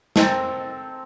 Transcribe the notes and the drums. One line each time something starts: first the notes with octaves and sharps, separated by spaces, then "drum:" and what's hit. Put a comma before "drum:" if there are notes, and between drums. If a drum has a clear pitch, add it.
C4 A4 A#4 C5, drum: snare